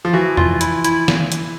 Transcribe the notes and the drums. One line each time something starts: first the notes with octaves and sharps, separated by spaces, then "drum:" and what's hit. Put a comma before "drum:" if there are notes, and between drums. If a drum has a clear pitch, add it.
F3
E3 F#4
F4, drum: tom E2
E4, drum: hi-hat
E4, drum: hi-hat
drum: snare
drum: hi-hat